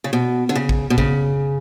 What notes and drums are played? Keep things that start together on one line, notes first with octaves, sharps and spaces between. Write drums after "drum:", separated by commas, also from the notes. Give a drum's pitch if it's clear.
C#3
B2
D3
C#3
drum: kick A1
B2
C#3, drum: kick A1